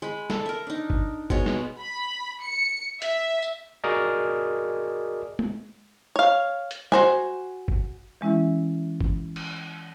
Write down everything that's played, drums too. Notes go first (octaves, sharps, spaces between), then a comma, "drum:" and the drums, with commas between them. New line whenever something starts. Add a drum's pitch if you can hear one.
G#3 B5
A4, drum: snare
A#4 E5
D4 D#4
drum: kick
B2 G#3 C#5, drum: kick
drum: snare
B5
C#7
E5, drum: hi-hat
drum: tambourine
F#4 G#4 A#4 D5 D#5
drum: tom G#3
C#5 F5
drum: hi-hat
F#4 C5 G#5, drum: snare
drum: kick
E3 G#3 C#4 E4 E5
drum: kick
drum: cymbal